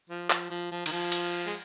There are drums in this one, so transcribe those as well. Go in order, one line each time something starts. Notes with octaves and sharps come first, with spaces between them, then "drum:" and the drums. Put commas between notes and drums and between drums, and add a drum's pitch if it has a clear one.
F3
F3, drum: clap
F3
F3
D#3, drum: cymbal
F3
drum: cymbal
G#3